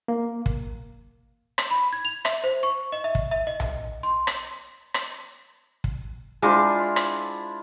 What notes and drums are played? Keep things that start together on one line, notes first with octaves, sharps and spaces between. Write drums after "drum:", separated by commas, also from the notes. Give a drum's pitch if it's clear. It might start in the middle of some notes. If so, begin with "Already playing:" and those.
A#3
drum: kick
drum: rim click
B5
G#6
F7
E5, drum: rim click
C5
C#6
D#5
E5
drum: kick
E5
D#5
drum: tom B1
C6
drum: rim click
drum: rim click
drum: kick
G#3 D4 E4 F4 C5
drum: rim click